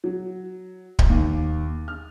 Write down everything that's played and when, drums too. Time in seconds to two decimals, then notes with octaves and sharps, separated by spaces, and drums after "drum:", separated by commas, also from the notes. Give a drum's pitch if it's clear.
0.04 F#3
0.99 drum: kick D1
1.09 D#2
1.88 F6